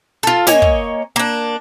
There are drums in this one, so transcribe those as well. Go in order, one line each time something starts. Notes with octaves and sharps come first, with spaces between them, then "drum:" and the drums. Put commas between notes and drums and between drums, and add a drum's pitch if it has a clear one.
F4 A4
A#3 C#5 D#5 G#5, drum: snare
drum: kick
A#3 D4